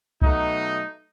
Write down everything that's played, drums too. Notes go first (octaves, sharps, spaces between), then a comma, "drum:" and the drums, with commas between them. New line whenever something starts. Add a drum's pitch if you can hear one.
B2 F#3 A3 D#4, drum: kick C2